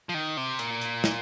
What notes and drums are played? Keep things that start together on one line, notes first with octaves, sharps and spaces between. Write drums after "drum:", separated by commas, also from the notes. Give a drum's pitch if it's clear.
F3
D#3
C3
A#2, drum: hi-hat
drum: hi-hat
drum: snare